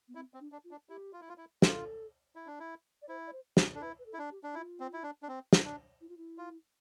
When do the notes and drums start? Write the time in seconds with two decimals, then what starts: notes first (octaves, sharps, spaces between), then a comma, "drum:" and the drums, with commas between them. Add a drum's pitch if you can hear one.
0.08 B3
0.15 C4 E4
0.34 C4
0.40 D4
0.52 D4
0.64 F4
0.71 D4
0.89 E4 G4
1.13 F4
1.21 E4
1.29 F4
1.38 E4
1.62 F4 A4, drum: snare
2.36 E4
2.47 D4
2.60 E4
3.02 D5
3.09 E4 C5
3.27 D5
3.33 C5
3.57 C5, drum: snare
3.75 D4 A4
3.81 E4 B4
3.99 B4
4.06 A4
4.14 E4
4.18 D4
4.31 G4
4.44 D4
4.55 E4 F4
4.80 C4
4.93 E4
5.03 D4
5.23 D4
5.28 C4
5.53 drum: snare
5.65 D4
6.01 E4
6.09 F4
6.17 E4
6.38 F4